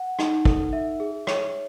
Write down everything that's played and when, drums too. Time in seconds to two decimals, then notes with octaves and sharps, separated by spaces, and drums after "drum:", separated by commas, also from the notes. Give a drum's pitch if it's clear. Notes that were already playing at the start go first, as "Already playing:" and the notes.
Already playing: F#5
0.19 D#4, drum: rim click
0.45 A4, drum: kick
0.73 E5
1.00 G#4
1.27 C#5, drum: rim click